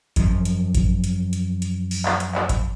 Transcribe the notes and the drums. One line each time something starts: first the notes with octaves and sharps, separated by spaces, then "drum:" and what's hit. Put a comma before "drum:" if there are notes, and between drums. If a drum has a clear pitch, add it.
F#2 F3, drum: kick G1, hi-hat
drum: hi-hat
drum: kick G1, hi-hat
drum: hi-hat
drum: hi-hat
drum: hi-hat
drum: open hi-hat
drum: clap
drum: hi-hat
drum: clap
drum: kick G1, hi-hat